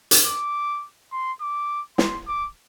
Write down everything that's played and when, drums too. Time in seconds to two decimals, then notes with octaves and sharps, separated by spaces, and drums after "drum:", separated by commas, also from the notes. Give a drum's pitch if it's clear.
0.11 drum: hi-hat
0.26 D6
1.12 C6
1.41 D6
1.98 C6, drum: snare
2.27 D6